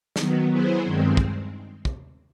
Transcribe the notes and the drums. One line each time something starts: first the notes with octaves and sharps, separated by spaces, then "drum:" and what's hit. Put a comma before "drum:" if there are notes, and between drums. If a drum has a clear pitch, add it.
D#3 F#3 B3, drum: snare
F#3 B3 E4 G#4 C5
G2 D#3 G#3 C4
drum: kick
drum: kick